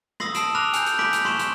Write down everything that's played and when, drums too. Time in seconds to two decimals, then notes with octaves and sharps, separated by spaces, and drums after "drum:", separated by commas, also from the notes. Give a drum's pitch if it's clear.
0.20 D#6 E6 A#6 C7 F#7, drum: rim click
0.34 A5 A#6 C7 D7 E7 F#7, drum: hi-hat
0.55 B5 D6 F6 F#6 A#6 F7
0.73 G#5 F#6 G6, drum: hi-hat
0.86 drum: hi-hat
0.99 D6 G6 B6 D7 F#7, drum: rim click
1.13 drum: hi-hat
1.25 C6 C#6 E7, drum: rim click
1.39 drum: hi-hat